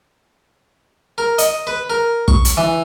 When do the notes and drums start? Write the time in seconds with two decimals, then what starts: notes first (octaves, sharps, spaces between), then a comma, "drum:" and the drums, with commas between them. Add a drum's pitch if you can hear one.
1.18 A#4
1.38 D#5, drum: hi-hat
1.67 B4
1.90 A#4
2.28 C#6, drum: kick
2.45 drum: hi-hat
2.57 E3